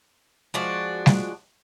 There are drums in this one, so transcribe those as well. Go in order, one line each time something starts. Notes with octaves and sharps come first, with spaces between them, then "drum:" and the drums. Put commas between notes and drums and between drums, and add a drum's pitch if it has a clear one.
F3 G#3 D4 F#4
drum: snare G3